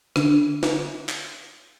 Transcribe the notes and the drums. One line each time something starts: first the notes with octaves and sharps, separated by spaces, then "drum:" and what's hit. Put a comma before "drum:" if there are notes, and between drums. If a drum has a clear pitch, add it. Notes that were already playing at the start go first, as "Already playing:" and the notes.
D3, drum: rim click
drum: snare
drum: clap